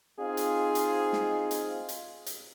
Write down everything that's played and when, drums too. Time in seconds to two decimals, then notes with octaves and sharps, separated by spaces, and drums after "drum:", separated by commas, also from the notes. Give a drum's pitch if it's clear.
0.18 C4 D#4 F4 G#4
0.37 drum: hi-hat
0.75 drum: hi-hat
1.13 drum: snare
1.51 drum: hi-hat
1.89 drum: hi-hat
2.26 drum: hi-hat